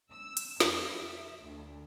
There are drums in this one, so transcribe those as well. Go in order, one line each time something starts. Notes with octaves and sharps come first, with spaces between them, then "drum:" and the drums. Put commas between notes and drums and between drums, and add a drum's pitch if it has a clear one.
E6
drum: hi-hat
F2, drum: snare
E5
D2